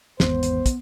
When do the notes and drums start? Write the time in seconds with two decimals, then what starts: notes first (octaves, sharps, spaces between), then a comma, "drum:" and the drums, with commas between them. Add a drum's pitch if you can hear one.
0.20 G#1 E2 G#2 B3 C5, drum: snare
0.43 drum: hi-hat
0.66 drum: kick, hi-hat